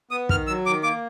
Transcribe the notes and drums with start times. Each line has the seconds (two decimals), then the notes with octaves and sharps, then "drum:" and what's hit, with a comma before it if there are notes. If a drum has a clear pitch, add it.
0.11 B3 D#6
0.29 D#3 F6, drum: kick
0.47 F#3 E6
0.66 D#3 D6
0.83 A#3 D6